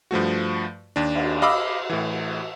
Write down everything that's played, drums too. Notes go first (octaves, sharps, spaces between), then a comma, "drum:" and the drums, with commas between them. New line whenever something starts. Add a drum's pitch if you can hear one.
G2 F3 A3 F#4
D#2 D4
drum: cymbal
D#5 F5 B5 D6 E6
A2 E3